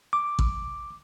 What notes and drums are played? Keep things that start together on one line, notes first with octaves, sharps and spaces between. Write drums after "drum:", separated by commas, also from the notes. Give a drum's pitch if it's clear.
D6
drum: kick